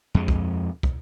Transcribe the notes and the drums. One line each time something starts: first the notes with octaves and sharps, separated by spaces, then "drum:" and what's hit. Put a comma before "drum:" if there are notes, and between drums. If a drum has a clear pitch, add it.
F2 G#3
drum: kick
drum: kick